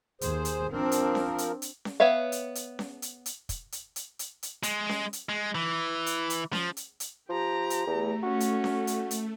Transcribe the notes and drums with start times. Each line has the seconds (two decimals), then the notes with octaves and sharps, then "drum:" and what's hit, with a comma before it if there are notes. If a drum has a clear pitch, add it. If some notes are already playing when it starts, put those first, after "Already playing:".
0.21 D#2 G#4 C5, drum: hi-hat
0.45 drum: hi-hat
0.72 F3 C4 D4 A#4
0.92 drum: hi-hat
1.15 drum: snare C#4
1.38 drum: hi-hat
1.62 drum: hi-hat
1.85 drum: snare C#4
2.00 B3 C#5 E5 F5
2.32 drum: hi-hat
2.55 drum: hi-hat
2.79 drum: snare C#4
3.02 drum: hi-hat
3.26 drum: hi-hat
3.49 drum: kick, hi-hat
3.72 drum: hi-hat
3.96 drum: hi-hat
4.19 drum: hi-hat
4.43 drum: hi-hat
4.63 G#3, drum: hi-hat
4.89 drum: snare C#4
5.13 drum: hi-hat
5.29 G#3
5.55 E3
6.06 drum: hi-hat
6.30 drum: hi-hat
6.53 F3, drum: snare C#4
6.77 drum: hi-hat
7.00 drum: hi-hat
7.29 F3 G4 A#5
7.70 drum: hi-hat
7.87 E2 A3
8.23 C#4 F#4
8.40 drum: hi-hat
8.64 drum: snare C#4
8.87 drum: hi-hat
9.11 drum: hi-hat